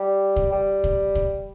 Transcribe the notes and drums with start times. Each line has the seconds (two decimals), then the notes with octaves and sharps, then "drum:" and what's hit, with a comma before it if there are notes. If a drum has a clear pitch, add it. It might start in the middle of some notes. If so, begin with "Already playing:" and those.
Already playing: G3
0.36 drum: kick
0.52 G3
0.84 drum: kick
1.15 drum: kick